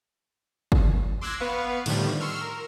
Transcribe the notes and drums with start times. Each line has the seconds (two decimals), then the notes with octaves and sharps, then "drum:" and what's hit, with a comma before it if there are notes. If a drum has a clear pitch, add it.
0.72 drum: kick
1.21 C6 D6 E6 F#6 G#6 A#6
1.40 B3 B4 F5 C#6
1.86 A2 D3 D#3 F3 G3, drum: cymbal
2.20 C6 C#6 E6 F6
2.41 A#4